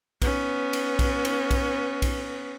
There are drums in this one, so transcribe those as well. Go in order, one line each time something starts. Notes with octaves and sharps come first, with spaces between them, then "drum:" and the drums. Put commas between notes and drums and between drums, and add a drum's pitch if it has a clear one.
B3 C#4, drum: kick B1, cymbal
drum: cymbal
drum: kick B1, cymbal
drum: cymbal
drum: kick B1, cymbal
drum: kick B1, cymbal